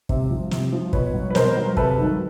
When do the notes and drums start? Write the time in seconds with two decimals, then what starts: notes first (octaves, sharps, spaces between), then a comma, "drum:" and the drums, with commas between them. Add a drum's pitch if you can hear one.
0.09 C3, drum: kick
0.30 F3
0.51 C3, drum: snare
0.72 F3
0.93 B2 B4 C#5, drum: kick
1.14 F#3
1.30 B4
1.35 B2 A#4 C5, drum: snare
1.57 F#3
1.77 C3 A4 B4, drum: kick
1.98 D#3 F#3